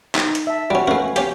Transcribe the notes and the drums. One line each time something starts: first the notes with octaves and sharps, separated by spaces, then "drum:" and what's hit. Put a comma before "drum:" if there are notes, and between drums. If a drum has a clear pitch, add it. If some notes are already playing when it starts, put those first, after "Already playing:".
D#4, drum: clap
drum: hi-hat
E5 A5
G3 C#4 F#4
A3 C#4 F#4 B4 F5
C#4 G4 F5, drum: hi-hat